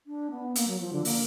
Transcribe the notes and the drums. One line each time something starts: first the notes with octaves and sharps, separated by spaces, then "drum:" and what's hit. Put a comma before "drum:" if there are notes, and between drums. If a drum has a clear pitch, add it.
D4
B3
A#3, drum: hi-hat
F#3
F3
D3
A#3, drum: open hi-hat